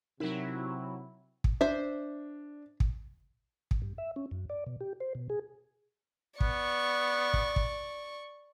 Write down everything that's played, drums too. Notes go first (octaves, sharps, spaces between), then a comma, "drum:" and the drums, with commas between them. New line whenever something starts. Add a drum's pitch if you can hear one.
C3 F#3 D#4 E4 A#4
drum: kick
D4 C5 E5
drum: kick
drum: kick
G2
E5
C#4
F#2
D5
B2
G4
C5
B2
G#4
B3 D5 C#6, drum: kick
drum: kick
drum: kick